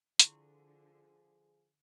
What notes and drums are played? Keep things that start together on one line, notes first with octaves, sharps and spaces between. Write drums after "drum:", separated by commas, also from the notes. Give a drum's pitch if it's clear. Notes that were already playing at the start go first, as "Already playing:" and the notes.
D3 F3 E4 F4 G#4 C6 C#6, drum: hi-hat